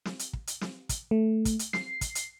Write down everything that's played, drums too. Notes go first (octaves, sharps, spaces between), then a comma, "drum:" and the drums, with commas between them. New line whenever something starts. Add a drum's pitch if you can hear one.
drum: snare
drum: hi-hat
drum: kick
drum: hi-hat
drum: snare
drum: kick, hi-hat
A3
drum: kick, hi-hat
drum: hi-hat
C7, drum: snare
drum: kick, hi-hat
drum: hi-hat